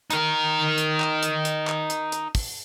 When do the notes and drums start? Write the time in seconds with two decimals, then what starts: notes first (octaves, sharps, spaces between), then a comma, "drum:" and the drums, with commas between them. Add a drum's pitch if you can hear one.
0.11 D#4 A#4, drum: hi-hat
0.78 drum: hi-hat
1.00 drum: clap
1.23 drum: hi-hat
1.45 drum: hi-hat
1.67 drum: clap
1.90 drum: hi-hat
2.12 drum: hi-hat
2.35 drum: kick, open hi-hat